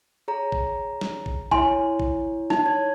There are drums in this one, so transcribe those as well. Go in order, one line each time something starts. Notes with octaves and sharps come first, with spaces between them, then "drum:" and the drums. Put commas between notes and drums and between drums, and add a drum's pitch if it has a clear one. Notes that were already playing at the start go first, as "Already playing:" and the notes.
G#4 C#5 A#5
drum: kick A1
drum: snare
drum: kick A1
E4 C#5 G#5 C6, drum: kick A1
drum: kick A1
D#4, drum: snare
C#5 G#6